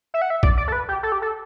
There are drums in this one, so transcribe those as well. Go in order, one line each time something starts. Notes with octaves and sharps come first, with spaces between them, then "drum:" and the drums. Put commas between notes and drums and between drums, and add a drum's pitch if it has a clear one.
E5
F#5
E5
D5, drum: kick A#1
D5
A4
B4
G4
A4
G4
A4